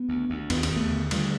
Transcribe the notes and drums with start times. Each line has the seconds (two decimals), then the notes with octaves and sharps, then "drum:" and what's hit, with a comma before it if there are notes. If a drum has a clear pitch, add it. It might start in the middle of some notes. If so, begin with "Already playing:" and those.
Already playing: B3
0.09 D2
0.30 D2
0.50 D#2 B3, drum: cymbal
0.63 C4, drum: cymbal
0.71 D#2
0.76 A3 B3
0.90 D3
1.11 D3 G3 A3, drum: cymbal